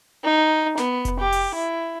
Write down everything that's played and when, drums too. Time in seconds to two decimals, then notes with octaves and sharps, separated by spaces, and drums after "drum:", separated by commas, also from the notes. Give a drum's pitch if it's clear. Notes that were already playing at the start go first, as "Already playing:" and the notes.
0.24 D#4
0.77 B3, drum: snare
1.05 drum: kick F1, hi-hat
1.19 G4
1.32 drum: open hi-hat
1.55 E4